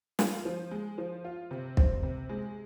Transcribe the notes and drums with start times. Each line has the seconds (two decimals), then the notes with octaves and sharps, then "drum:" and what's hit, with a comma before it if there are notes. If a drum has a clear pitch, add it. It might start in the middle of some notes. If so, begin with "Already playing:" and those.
0.19 F4, drum: snare
0.45 F3
0.71 G#3
0.98 F3
1.24 F4
1.51 C3
1.77 C4, drum: kick
2.03 C3
2.29 G#3